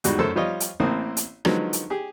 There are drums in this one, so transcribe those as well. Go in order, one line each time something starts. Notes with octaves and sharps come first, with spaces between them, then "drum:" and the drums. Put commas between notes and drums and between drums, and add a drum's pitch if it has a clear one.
E2 G#2 G3 F#4, drum: hi-hat
F#2 A3 A4 A#4 C5 E6
F3 G3 F4 G4 C#5 D#5
drum: hi-hat
A1 A2 A#3 C4 D#6
drum: hi-hat
D3 D#3 F3 F#3 G#3 B3, drum: rim click
drum: hi-hat
G4 G#4